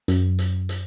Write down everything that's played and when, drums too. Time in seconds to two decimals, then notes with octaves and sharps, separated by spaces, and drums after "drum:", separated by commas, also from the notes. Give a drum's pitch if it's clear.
0.08 F#2, drum: hi-hat
0.39 drum: hi-hat
0.69 drum: hi-hat